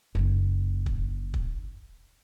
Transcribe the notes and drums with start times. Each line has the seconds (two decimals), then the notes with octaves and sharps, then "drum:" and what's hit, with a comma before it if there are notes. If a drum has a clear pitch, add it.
0.15 F#1 D#4
0.86 drum: kick
1.34 drum: kick